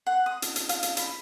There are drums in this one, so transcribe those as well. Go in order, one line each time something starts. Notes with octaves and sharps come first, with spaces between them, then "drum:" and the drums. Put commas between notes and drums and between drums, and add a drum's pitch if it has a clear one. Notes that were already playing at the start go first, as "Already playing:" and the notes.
F#5
D#6
drum: hi-hat
drum: hi-hat
F5, drum: hi-hat
drum: hi-hat
B5, drum: hi-hat